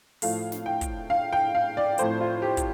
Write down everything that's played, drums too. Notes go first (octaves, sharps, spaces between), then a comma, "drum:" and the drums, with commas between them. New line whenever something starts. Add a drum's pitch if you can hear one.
A2 F3 A3 F5, drum: open hi-hat
drum: snare
G5
drum: kick, hi-hat
F5
G5
F5
D5
A2 F3 A3 C4 C5, drum: hi-hat
F4
G4
drum: kick, hi-hat